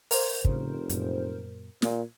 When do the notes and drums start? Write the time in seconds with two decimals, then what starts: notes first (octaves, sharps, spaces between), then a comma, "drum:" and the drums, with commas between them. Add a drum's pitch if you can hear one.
0.11 A#4 C5, drum: open hi-hat
0.45 F1 A2 C#3, drum: kick
0.89 F#2 A#2, drum: hi-hat
1.82 A#2, drum: snare